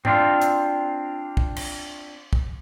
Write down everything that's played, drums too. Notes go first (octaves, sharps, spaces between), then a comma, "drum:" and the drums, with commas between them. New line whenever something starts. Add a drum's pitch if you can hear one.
C4 D4 F4, drum: tom G#2
drum: hi-hat
drum: kick
drum: cymbal
drum: kick